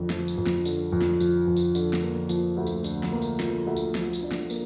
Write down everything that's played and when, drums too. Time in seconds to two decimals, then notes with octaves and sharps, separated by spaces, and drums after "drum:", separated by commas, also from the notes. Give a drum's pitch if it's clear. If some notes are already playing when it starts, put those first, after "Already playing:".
Already playing: F2 D3
0.10 F3, drum: snare
0.28 drum: tambourine
0.37 F2
0.46 drum: snare
0.65 D3, drum: tambourine
0.92 F2
1.01 drum: snare
1.20 F3, drum: tambourine
1.47 F2
1.56 drum: tambourine
1.75 D3, drum: tambourine
1.93 drum: snare
2.03 A#3
2.29 F3, drum: tambourine
2.57 D2
2.67 drum: tambourine
2.84 D3, drum: tambourine
3.03 drum: snare
3.12 A#3
3.22 drum: tambourine
3.40 F3, drum: snare
3.67 D2
3.77 drum: tambourine
3.95 F3, drum: snare
4.13 drum: tambourine
4.23 D4
4.32 drum: snare
4.50 A#3, drum: tambourine